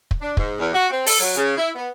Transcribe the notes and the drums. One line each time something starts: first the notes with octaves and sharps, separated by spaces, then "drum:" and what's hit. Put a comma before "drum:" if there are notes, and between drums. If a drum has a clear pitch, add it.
drum: kick
D4
G#2, drum: kick
E2
F#4
C4
A4, drum: open hi-hat
F#3
C#3
E4
B3